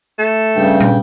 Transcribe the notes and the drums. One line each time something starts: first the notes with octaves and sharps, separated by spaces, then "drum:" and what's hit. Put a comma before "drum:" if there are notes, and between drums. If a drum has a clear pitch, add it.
A3
G2 C#3 G5
drum: tom